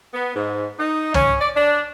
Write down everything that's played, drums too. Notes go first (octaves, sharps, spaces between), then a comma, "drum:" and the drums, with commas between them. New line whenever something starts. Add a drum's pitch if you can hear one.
B3
G#2
D#4
C#4, drum: tom
D5
D4